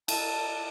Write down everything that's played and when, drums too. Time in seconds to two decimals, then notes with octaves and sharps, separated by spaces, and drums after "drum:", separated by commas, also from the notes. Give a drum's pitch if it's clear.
0.08 A5, drum: cymbal